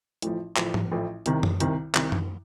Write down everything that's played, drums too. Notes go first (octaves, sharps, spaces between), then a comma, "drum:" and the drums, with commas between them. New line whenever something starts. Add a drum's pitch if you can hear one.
A1 A2 F3, drum: hi-hat
A1 A2 F3, drum: clap
drum: tom
A1 A2 F3
C2 C3 D#3, drum: hi-hat
drum: tom F#2
C2 C3 D#3, drum: hi-hat
C2 C3 D#3, drum: clap
drum: tom F#2